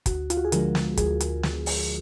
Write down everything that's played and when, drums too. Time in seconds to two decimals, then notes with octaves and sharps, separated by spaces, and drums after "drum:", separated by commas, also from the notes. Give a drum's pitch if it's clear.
0.06 D2 F#4, drum: kick, hi-hat
0.30 F4, drum: hi-hat
0.37 F#4
0.45 G#4
0.52 D3 F3 G#3 A#4, drum: hi-hat
0.75 drum: snare
0.97 D2 G#4, drum: kick, hi-hat
1.21 drum: hi-hat
1.43 drum: snare
1.66 drum: open hi-hat